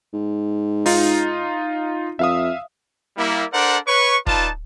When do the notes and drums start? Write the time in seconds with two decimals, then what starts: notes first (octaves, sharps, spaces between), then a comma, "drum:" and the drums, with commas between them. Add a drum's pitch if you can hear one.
0.13 G#2
0.86 D#4 F4, drum: open hi-hat
2.19 F2 E5 F5 D#6
3.17 G3 A#3 E4
3.53 D4 A4 A#4 C5 D5 F#5
3.87 B4 C#5 C#6
4.27 D#4 F4 B4 D5 A5, drum: kick